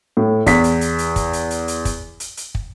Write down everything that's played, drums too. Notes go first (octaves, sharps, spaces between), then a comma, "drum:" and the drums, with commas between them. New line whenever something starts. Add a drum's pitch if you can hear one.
A2
E2 B6, drum: kick, hi-hat
drum: hi-hat
drum: hi-hat
drum: hi-hat
drum: kick, hi-hat
drum: hi-hat
drum: hi-hat
drum: hi-hat
drum: kick, hi-hat
drum: hi-hat
drum: hi-hat
drum: kick